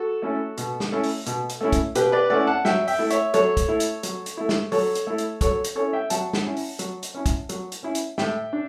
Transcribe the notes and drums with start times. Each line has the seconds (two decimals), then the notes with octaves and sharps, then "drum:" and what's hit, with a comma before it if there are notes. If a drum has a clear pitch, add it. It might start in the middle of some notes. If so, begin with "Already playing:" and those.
Already playing: F#4 A4
0.22 A3 C#4 E4
0.58 B2, drum: hi-hat
0.80 drum: snare
0.92 A3 C#4 E4
1.03 drum: open hi-hat
1.26 B2, drum: hi-hat
1.49 drum: hi-hat
1.61 A3 C#4 E4
1.72 drum: kick, hi-hat
1.95 B2 G4 B4, drum: hi-hat
2.12 B4 D5
2.30 A3 C#4 E4 D5 F#5
2.47 F#5 A5
2.65 F#3 E5 G5, drum: snare
2.88 E5 G5, drum: open hi-hat
2.99 A3 E4
3.10 C#5 E5, drum: hi-hat
3.34 F#3 A4 C#5, drum: hi-hat
3.57 drum: kick, hi-hat
3.68 A3 E4
3.80 drum: hi-hat
4.03 F#3, drum: hi-hat
4.26 drum: hi-hat
4.37 A3 E4
4.49 drum: snare
4.72 F#3 A4 C#5, drum: open hi-hat
4.95 drum: hi-hat
5.07 A3 E4
5.18 drum: hi-hat
5.41 F#3 A4 C#5, drum: kick, hi-hat
5.64 drum: hi-hat
5.75 C#4 E4 A4 C#5
5.93 E5 G5
6.10 F#3 F#5 A5, drum: hi-hat
6.33 drum: snare
6.45 C#4 E4
6.57 drum: open hi-hat
6.79 F#3, drum: hi-hat
7.03 drum: hi-hat
7.14 C#4 E4
7.26 drum: kick, hi-hat
7.49 F#3, drum: hi-hat
7.72 drum: hi-hat
7.83 C#4 E4
7.95 drum: hi-hat
8.18 A2 E5 G5, drum: snare
8.53 D4